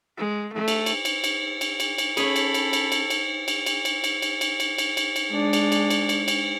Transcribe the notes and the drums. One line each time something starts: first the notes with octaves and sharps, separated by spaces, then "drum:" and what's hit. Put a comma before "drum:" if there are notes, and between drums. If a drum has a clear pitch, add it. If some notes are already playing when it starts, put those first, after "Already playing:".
G#3
A3
drum: cymbal
drum: cymbal
drum: cymbal
drum: cymbal
drum: cymbal
drum: cymbal
drum: cymbal
C#4 G#4 A4 C#5 B5, drum: cymbal
drum: cymbal
drum: cymbal
drum: cymbal
drum: cymbal
drum: cymbal
drum: cymbal
drum: cymbal
drum: cymbal
drum: cymbal
drum: cymbal
drum: cymbal
drum: cymbal
drum: cymbal
drum: cymbal
drum: cymbal
G#3 D4
drum: cymbal
drum: cymbal
drum: cymbal
drum: cymbal
drum: cymbal